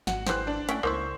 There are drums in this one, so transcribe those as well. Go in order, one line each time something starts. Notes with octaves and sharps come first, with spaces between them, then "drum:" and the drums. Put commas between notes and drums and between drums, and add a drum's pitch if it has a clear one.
G#1 F#4, drum: snare
E3 G4 C5 F#6, drum: snare
D4
A3 C#4 E4 G5, drum: hi-hat
C#2 A#3 D#4 E4 C5 C#6